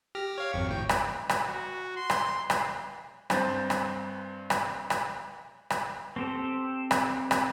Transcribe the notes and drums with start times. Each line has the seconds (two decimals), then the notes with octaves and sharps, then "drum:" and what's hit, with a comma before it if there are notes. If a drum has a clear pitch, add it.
0.15 G4 F6 A#6
0.35 G4 C#5 F5
0.53 G#1 F2 C#6
0.67 G#1 A2 G5
0.89 drum: rim click
1.29 drum: rim click
1.48 F#4
1.96 C6
2.10 drum: rim click
2.50 drum: rim click
3.30 G2 C4 C5 A5 A6 A#6, drum: rim click
3.70 drum: rim click
4.50 drum: rim click
4.90 drum: rim click
5.70 drum: rim click
6.16 C4 G4 A4
6.91 drum: rim click
7.31 drum: rim click